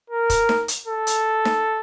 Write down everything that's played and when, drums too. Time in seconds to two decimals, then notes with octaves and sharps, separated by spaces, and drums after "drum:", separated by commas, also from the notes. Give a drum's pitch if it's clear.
0.10 A#4
0.30 drum: kick, hi-hat
0.49 drum: snare D#4
0.68 drum: hi-hat
0.87 A4
1.07 drum: hi-hat
1.45 drum: snare D#4